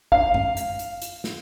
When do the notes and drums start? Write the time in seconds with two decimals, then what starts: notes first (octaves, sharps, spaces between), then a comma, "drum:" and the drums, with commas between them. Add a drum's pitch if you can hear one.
0.12 F5, drum: kick
0.34 drum: tom F#2
0.57 drum: hi-hat
0.79 drum: hi-hat
1.02 drum: hi-hat
1.24 drum: snare